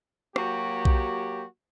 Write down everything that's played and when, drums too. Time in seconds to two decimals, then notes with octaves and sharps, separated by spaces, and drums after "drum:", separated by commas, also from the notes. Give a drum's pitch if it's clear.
0.36 F#3 A#3 F#4 G4, drum: rim click
0.85 drum: kick B1